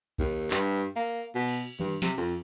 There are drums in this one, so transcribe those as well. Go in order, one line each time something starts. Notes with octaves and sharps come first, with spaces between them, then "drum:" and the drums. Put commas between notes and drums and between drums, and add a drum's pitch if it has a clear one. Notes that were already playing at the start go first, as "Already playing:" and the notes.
D#2, drum: kick B1
G2, drum: clap
A#3
B2
drum: cymbal
G2, drum: tom D#3
C3, drum: snare
F2